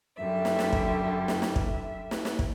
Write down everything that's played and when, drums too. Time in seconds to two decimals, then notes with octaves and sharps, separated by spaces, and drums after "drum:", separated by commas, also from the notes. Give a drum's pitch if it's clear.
0.17 F#2 D3 G3 E5
0.45 drum: snare
0.59 drum: snare
0.73 drum: kick
1.28 E5, drum: snare
1.42 drum: snare
1.56 drum: kick
2.11 drum: snare
2.25 drum: snare
2.39 drum: kick